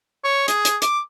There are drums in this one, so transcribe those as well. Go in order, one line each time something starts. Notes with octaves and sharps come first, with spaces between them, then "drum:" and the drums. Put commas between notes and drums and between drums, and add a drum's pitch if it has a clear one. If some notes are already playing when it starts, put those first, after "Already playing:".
C#5
G#4, drum: hi-hat
drum: hi-hat
D6, drum: hi-hat